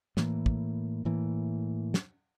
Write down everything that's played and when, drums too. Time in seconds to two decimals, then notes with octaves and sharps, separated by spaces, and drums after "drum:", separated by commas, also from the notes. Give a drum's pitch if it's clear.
0.17 A2 E3 A#3, drum: snare
0.46 drum: kick
1.05 A2 E3 A#3
1.94 drum: snare